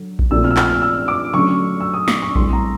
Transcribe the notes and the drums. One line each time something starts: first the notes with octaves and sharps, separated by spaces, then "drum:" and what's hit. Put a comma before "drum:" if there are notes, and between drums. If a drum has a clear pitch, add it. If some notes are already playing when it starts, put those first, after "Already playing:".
Already playing: D3 F#3
drum: kick A#1
A#2 F3 A3 C4 E6
F6
E6
F6, drum: clap
F6
E6
D6
D3 F#3 A3 C#4 C#6
E6
D#6
D6, drum: snare
C#6
A2 E3 G3 C4 C6, drum: kick A#1
A#5